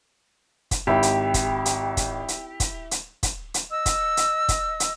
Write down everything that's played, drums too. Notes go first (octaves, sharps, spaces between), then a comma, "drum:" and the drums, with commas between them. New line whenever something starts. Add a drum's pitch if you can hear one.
drum: kick, hi-hat
G#1 E4 G4 G5 B5
drum: hi-hat
drum: kick, hi-hat
drum: hi-hat
drum: kick, hi-hat
drum: hi-hat
drum: kick, hi-hat
drum: hi-hat
drum: kick, hi-hat
drum: hi-hat
D#5 E6
drum: kick, hi-hat
drum: hi-hat
drum: kick, hi-hat
drum: hi-hat